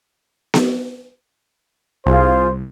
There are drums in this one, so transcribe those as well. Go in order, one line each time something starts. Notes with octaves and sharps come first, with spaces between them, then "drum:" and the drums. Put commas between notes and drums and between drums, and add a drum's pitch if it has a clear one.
drum: snare B3
C2 F4 G#4 C5